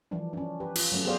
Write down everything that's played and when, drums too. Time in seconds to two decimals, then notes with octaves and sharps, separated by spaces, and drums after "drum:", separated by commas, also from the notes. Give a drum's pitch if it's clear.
0.11 E3 F3 G3 D4
0.33 C#4 D4
0.60 G4 B4
0.76 F4, drum: cymbal
0.92 F#3 A3 C#4
1.05 B3 G4 G#4 C5 D5 F5